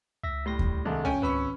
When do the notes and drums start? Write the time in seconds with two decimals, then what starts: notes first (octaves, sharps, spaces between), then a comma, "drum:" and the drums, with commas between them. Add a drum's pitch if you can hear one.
0.23 C#2 E5 A#6
0.46 A2 G3 C6 A#6
0.59 drum: kick D#2
0.85 C2 D#3 G#3 A3 D4
1.05 D#1 C#2 C#4 G5 G#5
1.22 G#1 C#2 B4 B5 C#6 E6